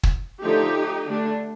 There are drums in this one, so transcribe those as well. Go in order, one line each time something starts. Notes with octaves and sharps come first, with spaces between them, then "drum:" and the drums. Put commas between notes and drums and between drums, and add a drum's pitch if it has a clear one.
drum: kick
D3 F3 A3 D#4 G4
D3 A3 D4